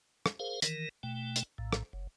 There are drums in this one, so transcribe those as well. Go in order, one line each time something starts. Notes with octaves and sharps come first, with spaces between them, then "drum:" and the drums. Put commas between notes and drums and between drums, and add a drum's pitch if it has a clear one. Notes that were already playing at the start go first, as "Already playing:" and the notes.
drum: rim click
G#4 A#4 C5 F5
D#3 E3 A#4, drum: hi-hat
B2 A3 G5
drum: hi-hat
A#1 A2
drum: rim click
F#1